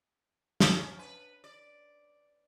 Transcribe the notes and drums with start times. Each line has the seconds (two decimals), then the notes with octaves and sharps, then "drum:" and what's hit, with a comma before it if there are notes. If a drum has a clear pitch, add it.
0.60 C#4, drum: snare
0.99 B4
1.44 D5